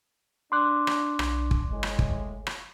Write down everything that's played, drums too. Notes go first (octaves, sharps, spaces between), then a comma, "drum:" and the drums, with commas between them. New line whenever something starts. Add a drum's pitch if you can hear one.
D4 C6 D6 F#6
drum: rim click
B1, drum: rim click
drum: kick
G1 A2 G#3
drum: rim click
drum: kick
drum: rim click